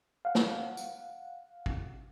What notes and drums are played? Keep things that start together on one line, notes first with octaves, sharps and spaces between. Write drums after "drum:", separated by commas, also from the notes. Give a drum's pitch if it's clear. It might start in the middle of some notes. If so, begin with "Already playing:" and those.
F5 F#5
drum: snare
drum: tambourine
drum: kick